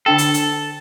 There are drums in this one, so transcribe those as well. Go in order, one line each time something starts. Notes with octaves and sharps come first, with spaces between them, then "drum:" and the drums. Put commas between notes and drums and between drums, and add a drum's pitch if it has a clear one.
D3 D4 A4 G5
drum: hi-hat
drum: hi-hat